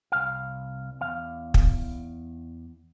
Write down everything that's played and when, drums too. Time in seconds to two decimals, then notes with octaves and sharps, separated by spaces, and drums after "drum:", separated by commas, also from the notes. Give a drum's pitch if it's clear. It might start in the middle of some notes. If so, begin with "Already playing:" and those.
0.12 C2 F5
1.01 E2 F5
1.54 drum: kick